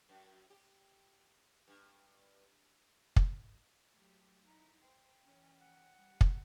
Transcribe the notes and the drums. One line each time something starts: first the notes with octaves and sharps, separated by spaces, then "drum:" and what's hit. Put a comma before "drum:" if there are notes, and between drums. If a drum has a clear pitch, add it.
F#2
G4
G2
drum: kick
F#3 A3 G4
D#4 E4 A#5
C5 G5
E3 C#4
F#5
G3
drum: kick